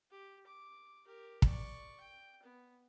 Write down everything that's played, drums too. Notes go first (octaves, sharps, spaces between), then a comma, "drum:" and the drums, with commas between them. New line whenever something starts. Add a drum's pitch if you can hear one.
G4
D6
G4 A#4
D5 C#6, drum: kick
G5
B3